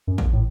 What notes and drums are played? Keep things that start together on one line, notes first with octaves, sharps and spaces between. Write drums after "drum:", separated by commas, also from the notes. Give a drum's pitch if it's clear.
F#2
drum: kick A1
A2